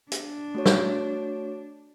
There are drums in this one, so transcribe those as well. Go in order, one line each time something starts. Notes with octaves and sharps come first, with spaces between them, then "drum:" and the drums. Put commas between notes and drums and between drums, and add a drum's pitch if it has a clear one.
D4, drum: hi-hat
A3 F#4 C#5
drum: snare